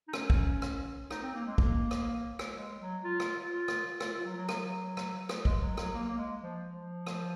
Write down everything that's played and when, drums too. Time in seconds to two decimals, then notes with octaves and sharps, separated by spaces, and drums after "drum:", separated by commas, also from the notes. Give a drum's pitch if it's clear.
0.08 D#4
0.13 C#4, drum: rim click
0.30 drum: kick
0.62 drum: rim click
1.11 D#4, drum: rim click
1.23 C4
1.35 A#3
1.46 G#3
1.58 A#3, drum: kick
1.91 drum: rim click
2.39 drum: rim click
2.55 G#3
2.80 F#3
3.04 F4
3.20 drum: rim click
3.52 F4
3.68 drum: rim click
4.00 F4, drum: rim click
4.13 F4
4.24 F#3
4.37 F#3
4.49 F#3, drum: rim click
4.97 drum: rim click
5.29 drum: rim click
5.45 G#3, drum: kick
5.62 F#3
5.77 F#3, drum: rim click
5.94 A#3
6.09 A#3
6.18 G#3
6.42 F3
6.67 F3
7.07 drum: rim click